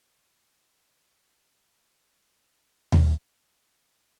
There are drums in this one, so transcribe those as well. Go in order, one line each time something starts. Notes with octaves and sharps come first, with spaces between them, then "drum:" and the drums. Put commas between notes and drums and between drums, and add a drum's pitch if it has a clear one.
E3
A#2
B2
C#3
D#3
B2
D#3
E3
D#3
B2
A#2
F#2
G#2
B2
drum: tom D#2
C#3
E3
E3